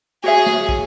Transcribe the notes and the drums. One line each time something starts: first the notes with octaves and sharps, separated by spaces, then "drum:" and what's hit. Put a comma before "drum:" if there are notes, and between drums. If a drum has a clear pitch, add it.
F#4 G#4 C#5 E5
drum: snare
drum: kick